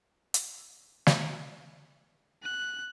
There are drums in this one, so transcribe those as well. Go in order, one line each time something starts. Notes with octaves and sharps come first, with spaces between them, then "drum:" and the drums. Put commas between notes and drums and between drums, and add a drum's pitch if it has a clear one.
drum: hi-hat
drum: snare
F#6